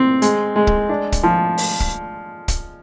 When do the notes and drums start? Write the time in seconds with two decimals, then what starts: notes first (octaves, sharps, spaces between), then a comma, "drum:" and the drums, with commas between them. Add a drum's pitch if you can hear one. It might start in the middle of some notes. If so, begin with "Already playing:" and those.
Already playing: C4
0.22 G#3, drum: hi-hat
0.56 G#3
0.67 drum: kick
0.89 D4
1.12 drum: kick, hi-hat
1.23 F3
1.58 drum: open hi-hat
1.80 drum: kick
2.48 drum: kick, hi-hat